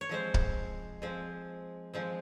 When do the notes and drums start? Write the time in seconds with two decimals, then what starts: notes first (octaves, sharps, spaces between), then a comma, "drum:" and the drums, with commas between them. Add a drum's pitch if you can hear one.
0.01 C#5
0.09 F3 G#3 C4 C5
0.34 drum: kick C#1
1.02 F3 G#3 C4
1.94 F3 G#3 C4